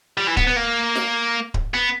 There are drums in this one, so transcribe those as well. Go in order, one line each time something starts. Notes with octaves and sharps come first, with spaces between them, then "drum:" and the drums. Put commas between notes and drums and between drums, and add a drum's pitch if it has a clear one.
G3
E3
B3, drum: kick D1
B3
A#3
drum: snare
drum: kick D1
B3